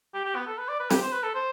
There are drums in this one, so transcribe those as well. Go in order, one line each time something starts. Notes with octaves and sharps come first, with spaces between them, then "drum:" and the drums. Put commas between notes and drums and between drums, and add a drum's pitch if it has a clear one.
G4
G4
B3
A4
B4
D5
B4
G4, drum: snare
C5
B4
A4
C5